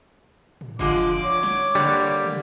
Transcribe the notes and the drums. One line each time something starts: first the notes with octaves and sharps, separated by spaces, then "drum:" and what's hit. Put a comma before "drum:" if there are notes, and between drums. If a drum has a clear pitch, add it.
drum: tom
D3 F3 G#3 F4 D6, drum: kick
C#5
drum: snare
D3 G3 A#3
drum: tom